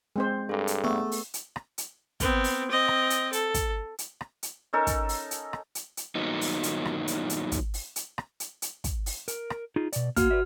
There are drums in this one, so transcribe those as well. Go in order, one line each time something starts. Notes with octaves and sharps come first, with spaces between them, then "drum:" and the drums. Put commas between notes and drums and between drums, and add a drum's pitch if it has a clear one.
G#3 C4 C5
G2 G#4 A4
drum: hi-hat
A3 B3
drum: open hi-hat
drum: hi-hat
drum: rim click
drum: hi-hat
B3 C4, drum: kick, hi-hat
drum: open hi-hat
C4 D#5
drum: rim click
drum: hi-hat
A4, drum: hi-hat
drum: kick, hi-hat
drum: hi-hat
drum: rim click
drum: hi-hat
C#4 D#4 A4 A#4
drum: kick, hi-hat
drum: open hi-hat
drum: hi-hat
drum: rim click
drum: hi-hat
drum: hi-hat
G2 A#2 D#3 F#3 B3 D#4
drum: open hi-hat
drum: hi-hat
drum: rim click
drum: hi-hat
drum: hi-hat
drum: kick, hi-hat
drum: open hi-hat
drum: hi-hat
drum: rim click
drum: hi-hat
drum: hi-hat
drum: kick, hi-hat
drum: open hi-hat
A#4, drum: hi-hat
drum: rim click
D#4 F4 G#4
B2 D5, drum: hi-hat
A#3 F#4 F6, drum: kick, hi-hat
B4 D5 E5